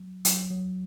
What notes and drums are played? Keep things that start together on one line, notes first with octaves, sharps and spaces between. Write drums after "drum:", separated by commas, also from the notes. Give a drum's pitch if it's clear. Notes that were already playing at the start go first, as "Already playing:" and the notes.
Already playing: F#3
F#3, drum: hi-hat
F#3